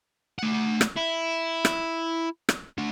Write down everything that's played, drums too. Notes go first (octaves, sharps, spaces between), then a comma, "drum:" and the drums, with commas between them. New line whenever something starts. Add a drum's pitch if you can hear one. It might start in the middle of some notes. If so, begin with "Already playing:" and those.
A3 F#5
drum: rim click
E4
drum: rim click
drum: rim click
A3 D4